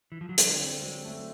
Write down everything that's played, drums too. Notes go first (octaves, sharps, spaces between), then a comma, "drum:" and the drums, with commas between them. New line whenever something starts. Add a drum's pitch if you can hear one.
E3
F3
F#3
D3 G3, drum: hi-hat
C4
F#3 G#3
A3